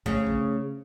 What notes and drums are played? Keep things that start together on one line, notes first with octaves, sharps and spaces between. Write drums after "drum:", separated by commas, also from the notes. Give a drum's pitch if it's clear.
C#3 A3, drum: kick
drum: kick